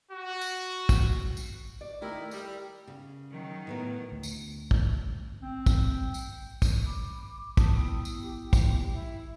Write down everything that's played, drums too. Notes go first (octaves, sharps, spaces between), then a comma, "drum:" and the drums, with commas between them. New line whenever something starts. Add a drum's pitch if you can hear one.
F#4
drum: tambourine
drum: kick, tambourine
drum: tambourine
D5
D#3 A3 E4 G4 A#4
G3, drum: tambourine
C#3
D#3 F#3
A2 B3 A#4
D2
drum: tambourine
drum: kick
C4
drum: kick, tambourine
drum: tambourine
drum: kick, tambourine
B5 D6
A5 D#6, drum: kick, tambourine
B3 E4 G5
drum: tambourine
G4
drum: kick, tambourine
E4